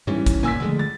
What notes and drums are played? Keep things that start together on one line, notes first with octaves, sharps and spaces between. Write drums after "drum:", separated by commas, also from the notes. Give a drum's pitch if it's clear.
G#2 E3 G3 C#4
drum: kick, hi-hat
D2 A#2 A#3 G#5 E6 B6
D3 F3 G#3 A3
A6